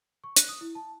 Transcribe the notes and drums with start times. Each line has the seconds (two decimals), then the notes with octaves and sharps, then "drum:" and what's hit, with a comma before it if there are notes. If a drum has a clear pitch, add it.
0.24 C#6
0.36 F#6, drum: hi-hat
0.49 D#6
0.61 E4
0.75 A5